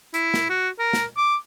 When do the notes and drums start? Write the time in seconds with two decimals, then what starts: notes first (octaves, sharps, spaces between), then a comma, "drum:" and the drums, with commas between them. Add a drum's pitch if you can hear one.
0.14 E4, drum: hi-hat
0.34 drum: snare
0.49 F#4
0.79 A#4
0.93 drum: snare
1.17 D6